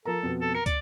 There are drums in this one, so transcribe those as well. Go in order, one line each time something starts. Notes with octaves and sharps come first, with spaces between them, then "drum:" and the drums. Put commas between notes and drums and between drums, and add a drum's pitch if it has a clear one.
F3 A4 A#4 A#5
F2 B2
A4
A#4 C#7
D5, drum: kick, hi-hat